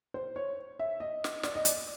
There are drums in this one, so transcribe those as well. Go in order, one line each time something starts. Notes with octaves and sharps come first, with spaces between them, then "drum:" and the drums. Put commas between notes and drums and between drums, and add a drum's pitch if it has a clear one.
C5
C#5
E5
D#5
drum: snare
D5, drum: snare
D#5
D5, drum: hi-hat